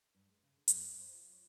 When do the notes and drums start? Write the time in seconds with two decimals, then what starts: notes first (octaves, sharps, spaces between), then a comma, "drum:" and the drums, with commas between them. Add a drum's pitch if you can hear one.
0.15 G2
0.29 G#3
0.43 C#3
0.56 D3
0.68 F#2, drum: hi-hat
0.81 C3
0.99 C5
1.13 F4
1.33 C#5